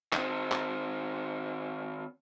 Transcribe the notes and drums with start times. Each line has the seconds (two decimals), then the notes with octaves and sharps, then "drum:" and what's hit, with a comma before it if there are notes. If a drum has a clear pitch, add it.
0.13 D#3 C4, drum: clap
0.51 drum: clap